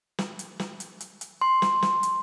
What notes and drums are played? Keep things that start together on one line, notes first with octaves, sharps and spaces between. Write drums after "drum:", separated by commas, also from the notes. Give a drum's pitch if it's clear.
drum: snare
drum: hi-hat
drum: snare
drum: hi-hat
drum: hi-hat
drum: hi-hat
C6
drum: snare
drum: snare
drum: hi-hat